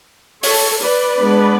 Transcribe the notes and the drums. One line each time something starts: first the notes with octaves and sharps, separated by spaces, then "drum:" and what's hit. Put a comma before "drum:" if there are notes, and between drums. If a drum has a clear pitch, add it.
A4 C#5, drum: open hi-hat
B4 D5
G#3 B3 D4